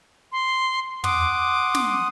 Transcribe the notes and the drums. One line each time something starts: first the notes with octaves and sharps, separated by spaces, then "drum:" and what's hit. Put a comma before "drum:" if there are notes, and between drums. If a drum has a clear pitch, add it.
C6
F#5 C6 D6 D#6, drum: tom
drum: snare